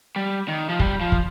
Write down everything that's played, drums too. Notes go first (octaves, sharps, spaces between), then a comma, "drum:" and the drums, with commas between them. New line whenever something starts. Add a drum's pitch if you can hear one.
G3
D#3
F3
G3, drum: kick
F3
drum: kick